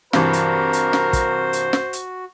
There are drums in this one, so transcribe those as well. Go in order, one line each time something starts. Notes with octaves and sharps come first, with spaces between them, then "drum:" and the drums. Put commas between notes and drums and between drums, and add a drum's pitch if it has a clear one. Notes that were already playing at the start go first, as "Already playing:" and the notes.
G2 C3 E3 F#4 A#4 C5, drum: snare
drum: hi-hat
drum: hi-hat
drum: snare
drum: kick, hi-hat
drum: hi-hat
drum: snare
drum: hi-hat